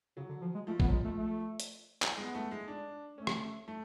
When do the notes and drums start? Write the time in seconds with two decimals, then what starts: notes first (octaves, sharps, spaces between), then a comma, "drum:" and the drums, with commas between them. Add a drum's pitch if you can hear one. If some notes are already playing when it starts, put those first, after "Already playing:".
0.17 C#3 F#3
0.29 D3
0.41 F3
0.54 G#3
0.67 F3 A3
0.80 B3, drum: kick A1
0.87 F#3
0.92 G#3
1.05 A3
1.17 A3
1.60 drum: hi-hat
2.02 drum: clap
2.17 G#3 B3
2.35 A3
2.51 G#3
2.68 D4
3.18 A3 C#4
3.27 drum: rim click
3.68 A3